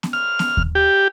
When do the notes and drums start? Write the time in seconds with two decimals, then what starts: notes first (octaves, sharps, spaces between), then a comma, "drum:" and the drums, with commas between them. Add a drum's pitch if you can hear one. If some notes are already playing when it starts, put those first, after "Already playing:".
0.03 drum: snare B3
0.13 F6
0.39 drum: snare B3
0.57 drum: kick D#2
0.75 G4